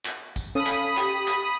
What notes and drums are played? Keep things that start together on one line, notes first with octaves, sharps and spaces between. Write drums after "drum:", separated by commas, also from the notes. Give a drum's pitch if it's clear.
drum: clap
drum: kick, tambourine
C#4 A4 F5 B5 D#6
drum: clap
G4, drum: clap
drum: clap